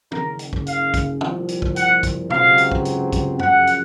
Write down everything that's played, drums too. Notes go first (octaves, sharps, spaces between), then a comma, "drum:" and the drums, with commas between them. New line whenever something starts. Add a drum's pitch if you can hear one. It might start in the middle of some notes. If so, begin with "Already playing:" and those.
F#1 F#2 C#3 A#4, drum: tom
drum: hi-hat
drum: kick
F5, drum: hi-hat
drum: kick, hi-hat
C2 A#2 F3, drum: tom
drum: hi-hat
drum: kick
F#5, drum: hi-hat
drum: kick, hi-hat
C#2 C3 F#3 C4 F5, drum: tom B2
drum: hi-hat
drum: kick
drum: hi-hat
drum: kick, hi-hat
F#2 C#3 F3 F#5, drum: tom F#2
drum: hi-hat